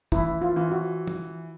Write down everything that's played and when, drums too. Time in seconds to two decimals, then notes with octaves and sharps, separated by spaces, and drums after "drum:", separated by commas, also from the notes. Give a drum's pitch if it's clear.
0.12 E3 E4, drum: kick
0.42 F4
0.56 E3
0.72 F#4
1.07 drum: tom E3